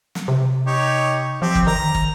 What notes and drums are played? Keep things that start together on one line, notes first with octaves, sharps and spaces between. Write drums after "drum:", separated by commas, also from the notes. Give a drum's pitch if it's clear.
drum: snare
C3
D#4 G4 C#5
F3 C4 G4
drum: kick
D#3 A#5
drum: kick